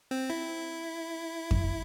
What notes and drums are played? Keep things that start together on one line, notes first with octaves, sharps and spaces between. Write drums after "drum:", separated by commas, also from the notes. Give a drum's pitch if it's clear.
C4
E4
drum: kick F2